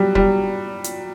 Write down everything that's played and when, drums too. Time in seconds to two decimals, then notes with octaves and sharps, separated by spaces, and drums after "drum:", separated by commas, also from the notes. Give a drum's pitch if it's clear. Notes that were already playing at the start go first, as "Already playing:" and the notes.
Already playing: F#3 G3
0.15 G3, drum: kick
0.84 drum: hi-hat